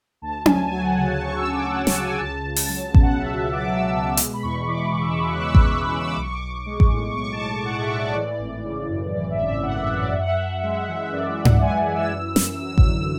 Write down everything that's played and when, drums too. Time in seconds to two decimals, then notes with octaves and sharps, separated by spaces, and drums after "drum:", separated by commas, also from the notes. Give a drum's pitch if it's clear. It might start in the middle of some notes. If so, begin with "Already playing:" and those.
0.22 D2 A5
0.46 D2 G#5, drum: tom C#4
0.70 F#3 G#5
0.83 F#5
0.95 C#3 G#5
1.09 A5
1.20 D2 C#6
1.37 E6
1.45 D2
1.53 D6
1.70 F#3 F#5
1.87 A5, drum: snare
1.94 C#3
2.04 G#5
2.19 C#2 A5
2.45 C#2
2.56 drum: open hi-hat
2.69 F#3 A5
2.94 B2, drum: kick A1
3.02 F#5
3.18 C#2 E5
3.36 E5
3.44 C#2
3.52 D6
3.68 F#3 E6
3.93 B2 E6
4.17 G#3, drum: hi-hat
4.34 B5
4.43 E2 C#6
4.67 E3 D6
4.93 C#3
5.01 E6
5.18 G#3
5.30 F#6
5.42 E2 E6
5.55 F#6, drum: kick A1
5.66 E3 F#6
5.83 E6
5.92 C#3
6.00 E6
6.10 D6
6.17 B1 C#6
6.32 D6
6.41 B1
6.66 G#3
6.80 drum: kick A1
6.91 A2
7.15 B1 C#6
7.32 A5
7.39 B1
7.65 G#3 F#5
7.76 F#5
7.81 E5
7.90 A2
7.98 D5
8.15 E3
8.39 G#1
8.64 C#3
8.89 F#2
9.13 E3 D5
9.30 E5
9.38 G#1
9.47 E5
9.63 C#3 F#5
9.79 E5
9.88 F#2
9.96 D5
10.12 F#2 E5
10.19 F#5
10.27 E5
10.38 F#2
10.62 G#3 E5
10.79 F#5
10.88 E3
10.95 E5
11.12 F#2 D5
11.29 E5
11.37 F#2
11.45 F#5, drum: tom G#2
11.61 G#3 G#5
11.87 E3
11.95 E6
12.10 F#2
12.36 F#2, drum: snare
12.61 F#3 E6
12.78 E6, drum: kick A1
12.85 D3